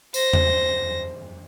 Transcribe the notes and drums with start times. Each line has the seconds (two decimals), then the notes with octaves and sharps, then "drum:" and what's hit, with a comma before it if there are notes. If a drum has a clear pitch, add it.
0.14 C5 A#6, drum: tambourine
0.33 drum: tom E2